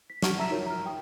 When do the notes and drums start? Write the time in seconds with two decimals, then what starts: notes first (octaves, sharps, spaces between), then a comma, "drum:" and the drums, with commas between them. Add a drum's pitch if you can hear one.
0.10 B6
0.22 F#5 A5 C#6 F6, drum: snare
0.39 E5 A#5 E6 B6 E7
0.50 D#4 F4 F#4 A#4 C#5
0.66 A#5 F6
0.86 G5 D#6